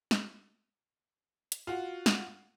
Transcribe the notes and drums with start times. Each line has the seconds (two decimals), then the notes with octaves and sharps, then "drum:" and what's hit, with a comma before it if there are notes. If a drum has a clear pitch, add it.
0.11 drum: snare
1.52 drum: hi-hat
1.67 F4 F#4
2.06 drum: snare